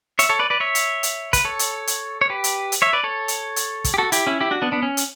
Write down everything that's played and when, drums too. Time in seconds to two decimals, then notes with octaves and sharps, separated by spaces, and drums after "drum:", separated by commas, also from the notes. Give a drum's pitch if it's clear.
0.19 C#5 E5, drum: hi-hat
0.29 A4 C#5
0.39 B4 D5
0.50 B4 D5
0.60 C#5 E5
0.75 drum: hi-hat
1.03 drum: hi-hat
1.33 B4, drum: kick, hi-hat
1.45 A4 C#5
1.59 drum: hi-hat
1.87 drum: hi-hat
2.21 C#5
2.30 G4 B4
2.44 drum: hi-hat
2.72 drum: hi-hat
2.82 C#5 E5
2.93 B4 D5
3.04 A4 C#5
3.28 drum: hi-hat
3.56 drum: hi-hat
3.84 drum: kick, hi-hat
3.94 G4
3.98 F#4 A4
4.12 E4 G4, drum: hi-hat
4.27 C#4 E4
4.40 E4 G4
4.51 D4 F#4
4.62 B3 D4
4.72 B3 D4
4.83 C#4
4.97 drum: hi-hat